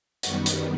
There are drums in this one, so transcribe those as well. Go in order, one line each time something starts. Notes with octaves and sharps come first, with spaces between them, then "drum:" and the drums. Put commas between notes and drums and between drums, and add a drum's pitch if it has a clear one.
F#2 D#3 G3 B3 C#6, drum: hi-hat
drum: hi-hat